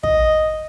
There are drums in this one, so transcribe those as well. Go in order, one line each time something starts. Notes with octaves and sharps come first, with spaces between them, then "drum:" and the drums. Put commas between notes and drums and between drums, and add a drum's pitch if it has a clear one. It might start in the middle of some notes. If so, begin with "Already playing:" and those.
D#5, drum: kick